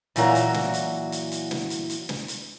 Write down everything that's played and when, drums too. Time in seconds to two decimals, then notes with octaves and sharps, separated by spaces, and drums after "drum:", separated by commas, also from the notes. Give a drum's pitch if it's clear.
0.16 A#2 E3 F#3 F#4 C5 A#5, drum: hi-hat
0.35 drum: hi-hat
0.54 drum: snare
0.74 drum: hi-hat
1.12 drum: hi-hat
1.32 drum: hi-hat
1.51 drum: snare
1.70 drum: hi-hat
1.90 drum: hi-hat
2.09 drum: snare
2.28 drum: hi-hat